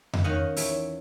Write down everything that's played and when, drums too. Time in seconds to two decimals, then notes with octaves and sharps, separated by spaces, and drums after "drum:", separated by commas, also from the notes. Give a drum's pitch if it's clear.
0.13 drum: tom F2
0.24 D#3 C#4 D#5 F5 F#5
0.57 E2 C#5 E5, drum: open hi-hat